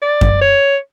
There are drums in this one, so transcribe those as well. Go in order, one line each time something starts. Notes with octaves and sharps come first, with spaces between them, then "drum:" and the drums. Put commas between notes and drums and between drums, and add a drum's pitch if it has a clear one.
D5
drum: kick F#2
C#5